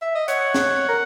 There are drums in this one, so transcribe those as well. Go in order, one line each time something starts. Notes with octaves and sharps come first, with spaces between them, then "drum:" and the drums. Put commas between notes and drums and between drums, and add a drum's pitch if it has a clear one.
E5
D#5
C#5 F#5, drum: hi-hat
drum: snare
A#4